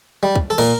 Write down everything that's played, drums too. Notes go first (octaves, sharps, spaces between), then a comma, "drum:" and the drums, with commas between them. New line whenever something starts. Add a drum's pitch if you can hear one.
G3
drum: kick
A4
A#2 A#4, drum: cymbal